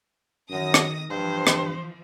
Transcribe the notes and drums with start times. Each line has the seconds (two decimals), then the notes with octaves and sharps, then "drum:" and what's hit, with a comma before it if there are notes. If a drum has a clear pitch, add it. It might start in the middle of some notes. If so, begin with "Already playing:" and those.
0.50 F#2 D#3 D#6 A#6
0.74 drum: rim click
1.10 G2 E3 F3 C5
1.47 drum: rim click